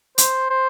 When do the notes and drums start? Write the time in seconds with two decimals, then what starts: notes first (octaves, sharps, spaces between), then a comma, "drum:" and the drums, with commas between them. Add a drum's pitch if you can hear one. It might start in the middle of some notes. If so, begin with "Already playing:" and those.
0.18 C5, drum: hi-hat
0.50 C5